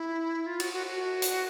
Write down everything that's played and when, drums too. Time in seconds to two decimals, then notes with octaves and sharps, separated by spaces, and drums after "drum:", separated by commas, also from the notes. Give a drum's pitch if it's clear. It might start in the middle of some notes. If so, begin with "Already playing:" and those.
Already playing: E4
0.46 F4
0.60 F#4, drum: cymbal
0.73 F#4
0.87 F#4
1.22 drum: hi-hat